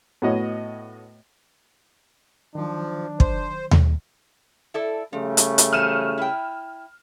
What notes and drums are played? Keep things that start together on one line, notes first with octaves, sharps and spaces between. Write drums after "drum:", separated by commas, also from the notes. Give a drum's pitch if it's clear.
A2 B3 F#4 C#5 D#5
D#3 F3 F#3 D4
C5, drum: kick
drum: tom D#2
E4 A4 D5
C#3 F3 G3 A3
drum: hi-hat
drum: hi-hat
E3 F#3 C5 F6 D#7 E7
E4 G5